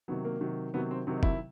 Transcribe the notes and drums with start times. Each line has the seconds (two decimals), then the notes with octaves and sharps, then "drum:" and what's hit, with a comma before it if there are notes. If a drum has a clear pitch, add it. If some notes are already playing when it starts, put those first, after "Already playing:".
0.08 C3 D#3 F#3 B3
0.25 A#3
0.41 C3 D#3 F#3
0.74 C3 D#3 F#3 B3
0.91 C4
1.07 C3 D#3 F#3 C4
1.16 D#4
1.23 E4, drum: kick